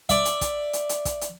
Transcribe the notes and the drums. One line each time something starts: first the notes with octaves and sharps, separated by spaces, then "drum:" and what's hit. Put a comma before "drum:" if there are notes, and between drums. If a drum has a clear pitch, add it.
D5 E5, drum: kick, hi-hat
drum: hi-hat
drum: kick, hi-hat
drum: hi-hat
drum: hi-hat
drum: kick, hi-hat
drum: hi-hat